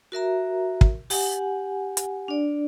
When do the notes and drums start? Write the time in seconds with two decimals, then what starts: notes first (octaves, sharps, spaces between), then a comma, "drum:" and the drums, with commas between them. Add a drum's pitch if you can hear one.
0.12 F#4 A#4 E5 A#5
0.81 drum: kick
1.10 G4 F#5 G#5, drum: open hi-hat
1.97 drum: hi-hat
2.28 D4 D5